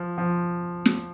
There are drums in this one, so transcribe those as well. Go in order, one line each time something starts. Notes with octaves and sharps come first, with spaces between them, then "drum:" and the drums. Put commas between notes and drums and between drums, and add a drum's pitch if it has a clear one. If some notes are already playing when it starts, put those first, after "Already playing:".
Already playing: F3
F3
drum: snare